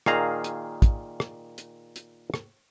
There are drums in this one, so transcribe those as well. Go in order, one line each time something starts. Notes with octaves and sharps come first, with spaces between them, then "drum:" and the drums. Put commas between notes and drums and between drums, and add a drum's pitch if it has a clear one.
A#2 D#3 G#4 F5 A#5, drum: rim click
drum: hi-hat
drum: kick, hi-hat
drum: rim click
drum: hi-hat
drum: hi-hat
drum: rim click